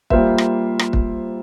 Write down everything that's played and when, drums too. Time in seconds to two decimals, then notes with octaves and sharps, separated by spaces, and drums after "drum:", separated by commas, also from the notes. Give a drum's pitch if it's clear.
0.10 G3 A#3 F4 C5 E5, drum: kick
0.38 drum: rim click
0.79 drum: rim click
0.93 drum: kick